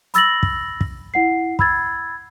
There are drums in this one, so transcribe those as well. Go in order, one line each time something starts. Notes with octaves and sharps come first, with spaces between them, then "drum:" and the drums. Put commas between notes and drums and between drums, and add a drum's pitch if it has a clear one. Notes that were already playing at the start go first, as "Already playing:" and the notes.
B5 E6 A6 A#6 F#7, drum: hi-hat
drum: kick
drum: kick
E4 F#5 C7
B5 E6 G#6 A6, drum: kick